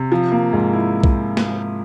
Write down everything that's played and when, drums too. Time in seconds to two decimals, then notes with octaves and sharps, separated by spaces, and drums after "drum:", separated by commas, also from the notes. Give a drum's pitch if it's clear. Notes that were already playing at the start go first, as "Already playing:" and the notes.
Already playing: C3
0.12 F3
0.32 A#3
0.53 G#2
0.73 E4
1.04 drum: kick B1
1.37 drum: snare